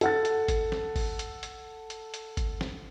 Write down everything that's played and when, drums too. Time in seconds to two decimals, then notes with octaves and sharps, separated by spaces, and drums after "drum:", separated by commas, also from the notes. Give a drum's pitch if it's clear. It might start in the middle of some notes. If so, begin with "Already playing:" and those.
0.01 A4 F#5 A6, drum: hi-hat
0.25 drum: hi-hat
0.48 drum: kick G1, hi-hat
0.72 drum: snare
0.96 drum: kick G1, open hi-hat
1.19 drum: hi-hat
1.43 drum: hi-hat
1.90 drum: hi-hat
2.14 drum: hi-hat
2.37 drum: kick G1, hi-hat
2.61 drum: snare